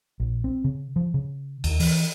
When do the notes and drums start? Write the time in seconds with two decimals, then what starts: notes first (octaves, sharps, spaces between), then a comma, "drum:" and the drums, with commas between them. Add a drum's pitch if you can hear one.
0.20 A#1
0.44 C4
0.64 C#3
0.96 F3
1.14 C#3
1.64 D#2, drum: cymbal
1.80 E3, drum: open hi-hat